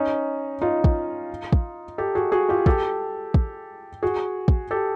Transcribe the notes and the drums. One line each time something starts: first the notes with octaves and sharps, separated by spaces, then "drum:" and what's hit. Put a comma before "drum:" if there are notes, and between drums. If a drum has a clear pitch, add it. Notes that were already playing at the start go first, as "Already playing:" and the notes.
Already playing: C#4 D#4
D#4 F4
drum: kick
drum: kick
G4 A4
F#4 G#4
F#4 G#4
F4 G4
G4 A4, drum: kick
drum: kick
F#4 G#4
drum: kick
G4 A4